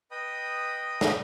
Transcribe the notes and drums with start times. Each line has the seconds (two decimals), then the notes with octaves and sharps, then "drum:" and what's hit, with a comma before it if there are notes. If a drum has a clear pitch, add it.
0.11 B4 D#5 G5 B5 D#6
1.01 drum: snare